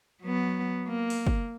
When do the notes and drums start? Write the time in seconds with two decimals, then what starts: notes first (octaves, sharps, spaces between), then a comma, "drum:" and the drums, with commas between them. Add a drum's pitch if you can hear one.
0.22 F#3 B3
0.87 A#3
1.10 drum: open hi-hat
1.27 drum: kick